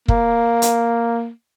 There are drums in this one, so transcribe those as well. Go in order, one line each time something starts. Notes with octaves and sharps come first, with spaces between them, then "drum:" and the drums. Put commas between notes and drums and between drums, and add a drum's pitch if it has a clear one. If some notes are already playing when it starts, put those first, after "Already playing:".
A#3, drum: kick
drum: hi-hat